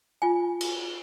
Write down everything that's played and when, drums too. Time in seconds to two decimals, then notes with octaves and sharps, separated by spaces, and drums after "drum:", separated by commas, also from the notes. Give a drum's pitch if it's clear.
0.22 F4 G#5
0.61 drum: cymbal